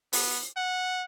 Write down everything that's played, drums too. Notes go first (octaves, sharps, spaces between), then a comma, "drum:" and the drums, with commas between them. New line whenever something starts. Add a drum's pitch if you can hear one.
B3, drum: open hi-hat
F#5